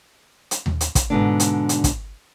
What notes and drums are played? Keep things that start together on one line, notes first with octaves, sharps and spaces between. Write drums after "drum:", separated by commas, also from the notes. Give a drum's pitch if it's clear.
drum: hi-hat
drum: tom D#2
drum: hi-hat
drum: kick, hi-hat
G#2 B2 D3 D4
drum: hi-hat
drum: hi-hat
drum: kick, hi-hat